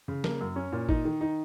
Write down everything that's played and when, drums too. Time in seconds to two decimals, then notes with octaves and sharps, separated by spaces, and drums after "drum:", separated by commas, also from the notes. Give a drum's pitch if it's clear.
0.08 C#3
0.24 A#3, drum: snare
0.41 F#2
0.56 C#4
0.72 A#2
0.89 D#4, drum: kick G1
1.05 D#3
1.21 D#4